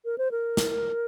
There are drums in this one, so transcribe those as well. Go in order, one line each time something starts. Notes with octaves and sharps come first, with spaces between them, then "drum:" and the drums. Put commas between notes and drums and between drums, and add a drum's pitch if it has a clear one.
A#4
C5
A#4
drum: snare